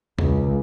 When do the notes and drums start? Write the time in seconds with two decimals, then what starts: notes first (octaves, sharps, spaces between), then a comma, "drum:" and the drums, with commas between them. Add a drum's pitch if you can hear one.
0.19 C#2, drum: tom E2